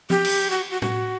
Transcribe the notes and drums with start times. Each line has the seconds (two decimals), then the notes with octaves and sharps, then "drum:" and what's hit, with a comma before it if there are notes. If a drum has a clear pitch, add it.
0.10 G4, drum: tom F3
0.25 drum: cymbal
0.50 F#4
0.71 F#4
0.82 F#4, drum: tom